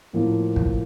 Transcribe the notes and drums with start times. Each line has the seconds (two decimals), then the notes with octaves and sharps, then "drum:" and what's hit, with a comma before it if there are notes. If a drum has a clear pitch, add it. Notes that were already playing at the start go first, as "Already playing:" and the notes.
0.13 A2 F3 A#3
0.56 drum: kick